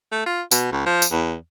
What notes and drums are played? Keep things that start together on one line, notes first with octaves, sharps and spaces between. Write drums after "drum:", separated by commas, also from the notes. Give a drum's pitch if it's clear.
A3
F4
B2, drum: tambourine
C#2
F3
drum: tambourine
E2